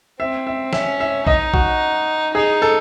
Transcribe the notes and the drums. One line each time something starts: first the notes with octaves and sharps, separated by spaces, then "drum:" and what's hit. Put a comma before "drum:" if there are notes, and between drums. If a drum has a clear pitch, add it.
C4 E5
E5
C#4 E5, drum: snare
E5
D#4 D#5, drum: kick A#1
F#4, drum: kick A#1
D#4 G#4
A4